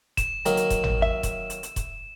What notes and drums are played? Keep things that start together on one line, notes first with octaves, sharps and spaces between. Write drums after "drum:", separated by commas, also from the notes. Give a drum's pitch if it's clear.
E7, drum: kick E1, hi-hat
D#3 F#3 A#3, drum: hi-hat
drum: hi-hat
drum: kick E1, hi-hat
drum: tom G#1
E5
drum: kick E1, hi-hat
drum: hi-hat
drum: hi-hat
drum: kick E1, hi-hat